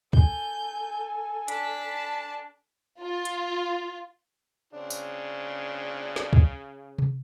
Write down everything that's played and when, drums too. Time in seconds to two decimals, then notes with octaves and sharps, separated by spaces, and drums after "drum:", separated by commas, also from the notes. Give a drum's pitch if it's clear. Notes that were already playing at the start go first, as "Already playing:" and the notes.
0.13 A4 G#5 G6, drum: kick
1.48 D4 A5 B5 B6, drum: hi-hat
3.01 F4
3.25 drum: hi-hat
4.73 C#3 C4 D4
4.90 drum: tambourine
6.16 drum: snare
6.33 drum: kick
6.98 drum: tom C3